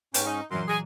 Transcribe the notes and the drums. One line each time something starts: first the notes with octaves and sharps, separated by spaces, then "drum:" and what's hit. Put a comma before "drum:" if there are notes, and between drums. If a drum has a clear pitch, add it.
G#2 A#3 B3 C#4 G4, drum: hi-hat
D#4
F#2 A#2 E3 F#3 C6
G#4